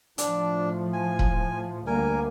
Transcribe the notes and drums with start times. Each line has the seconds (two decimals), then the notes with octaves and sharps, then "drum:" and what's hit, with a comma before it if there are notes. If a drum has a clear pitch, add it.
0.18 A2 F3 D4, drum: hi-hat
0.93 G#5
1.19 drum: kick
1.87 D2 G3 A#3 A#4 G#5